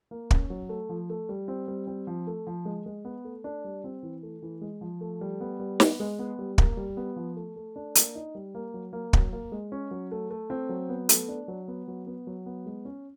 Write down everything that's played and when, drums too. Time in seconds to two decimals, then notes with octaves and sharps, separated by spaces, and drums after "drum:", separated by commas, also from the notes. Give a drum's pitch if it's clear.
0.11 A#3
0.31 C#4, drum: kick
0.50 F#3
0.69 A3
0.89 F3
1.10 A3
1.29 G3
1.48 C4
1.68 G3
1.87 C4
2.07 F3
2.27 A3
2.47 F3
2.65 G#3
2.86 G#3
3.05 B3
3.24 A3
3.44 D4
3.65 G3
3.84 C4
4.03 E3
4.23 A3
4.43 E3
4.62 G#3
4.81 F3
5.01 A3
5.21 G3
5.41 B3
5.60 G3
5.80 B3, drum: snare
6.00 G#3
6.19 B3
6.39 G3
6.58 A#3, drum: kick
6.77 G3
6.97 B3
7.16 F3
7.36 A3
7.56 A3
7.76 D4
7.95 A#3, drum: hi-hat
8.15 D#4
8.35 G3
8.55 A#3
8.74 F#3
8.93 A#3
9.13 F#3, drum: kick
9.32 A#3
9.52 G#3
9.72 C#4
9.91 F#3
10.11 A3
10.30 A3
10.50 C4
10.69 F#3
10.89 B3
11.09 A3, drum: hi-hat
11.29 D4
11.48 F#3
11.68 B3
11.88 F#3
12.07 B3
12.27 F#3
12.46 B3
12.66 G#3
12.85 C#4